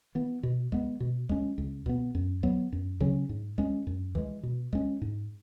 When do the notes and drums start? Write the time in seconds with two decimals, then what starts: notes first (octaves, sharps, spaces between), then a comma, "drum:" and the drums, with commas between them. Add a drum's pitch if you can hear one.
0.15 E3 B3
0.43 B2
0.72 G#3 B3, drum: kick C2
1.00 B2
1.29 G#3 C#4, drum: kick C2
1.58 C#2
1.86 B2 B3, drum: kick C2
2.15 F#2
2.43 F#3 B3, drum: kick C2
2.72 F#2
3.00 C#3 F#3 C#4, drum: kick C2
3.29 G#2
3.58 G#3 C#4, drum: kick C2
3.87 F#2
4.15 E3 G#3, drum: kick C2
4.43 B2
4.73 G#3 C#4, drum: kick C2
5.02 G#2